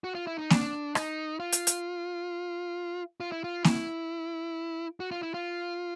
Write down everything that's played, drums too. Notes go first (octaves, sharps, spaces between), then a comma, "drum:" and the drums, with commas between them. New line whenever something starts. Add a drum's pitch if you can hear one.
F#4
F4
E4
D#4
D4, drum: snare A#3
D#4, drum: rim click
F4
drum: hi-hat
drum: hi-hat
F4
E4
F4
E4, drum: snare A#3
F#4
F4
E4
F4